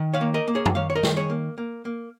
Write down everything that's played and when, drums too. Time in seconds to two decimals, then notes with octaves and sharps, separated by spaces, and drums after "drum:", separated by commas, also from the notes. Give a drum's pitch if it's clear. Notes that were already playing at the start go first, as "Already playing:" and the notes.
Already playing: D#3
0.14 C#5 F5
0.21 A#3
0.34 A#4 D#5
0.48 A#3
0.55 G#4 C#5
0.66 drum: tom F#2
0.75 D#3 C#5 F5
0.90 C#5
0.95 A#4 D#5
1.03 D#3, drum: snare
1.17 G#4 C#5
1.30 A#3
1.58 A#3
1.85 A#3